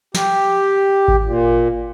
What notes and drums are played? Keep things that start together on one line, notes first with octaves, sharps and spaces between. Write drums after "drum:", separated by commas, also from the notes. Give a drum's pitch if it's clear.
G4, drum: snare
drum: kick G#1
A#2